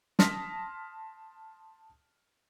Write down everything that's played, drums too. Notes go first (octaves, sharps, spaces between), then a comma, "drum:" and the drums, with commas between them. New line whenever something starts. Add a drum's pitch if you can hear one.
A5 C6 D#6 F6 A#6 B6, drum: snare